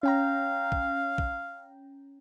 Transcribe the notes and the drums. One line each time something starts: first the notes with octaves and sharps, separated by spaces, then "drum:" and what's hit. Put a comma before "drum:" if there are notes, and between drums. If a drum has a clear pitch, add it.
C#4 F5 G5 A#5
drum: kick
drum: kick